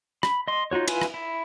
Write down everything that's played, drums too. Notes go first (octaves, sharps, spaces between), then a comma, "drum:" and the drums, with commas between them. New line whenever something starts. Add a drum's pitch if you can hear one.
B5, drum: rim click
D#5 C6
D#4 F4 F#4 C#5
E4 F4 B4 G#5, drum: cymbal
drum: rim click
E4